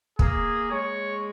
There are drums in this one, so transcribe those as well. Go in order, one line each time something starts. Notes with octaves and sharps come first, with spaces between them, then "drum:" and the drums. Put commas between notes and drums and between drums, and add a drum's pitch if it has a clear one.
A#3 G#4, drum: kick
G#3 C#5